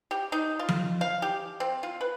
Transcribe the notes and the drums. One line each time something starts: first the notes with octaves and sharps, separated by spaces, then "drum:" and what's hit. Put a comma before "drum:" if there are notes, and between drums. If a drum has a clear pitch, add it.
G4
D#4
F4
drum: tom F3
F5
G4
C4
F4
B4